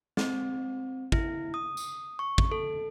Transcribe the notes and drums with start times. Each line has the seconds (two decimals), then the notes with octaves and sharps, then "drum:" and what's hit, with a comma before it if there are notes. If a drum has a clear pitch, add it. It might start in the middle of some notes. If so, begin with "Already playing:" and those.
0.17 C4, drum: snare
1.12 E4, drum: kick
1.54 D#6
1.77 drum: tambourine
2.19 C#6
2.38 drum: kick
2.52 A4